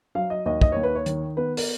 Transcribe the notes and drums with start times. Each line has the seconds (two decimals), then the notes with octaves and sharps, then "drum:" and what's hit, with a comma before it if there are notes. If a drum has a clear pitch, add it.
0.15 F#3 F5
0.30 D#5
0.46 D#2 D#5
0.62 D#5, drum: kick
0.72 D#2 C#5
0.83 B4
0.95 C#5
1.06 D#3, drum: hi-hat
1.37 B3 B4
1.57 A#4, drum: open hi-hat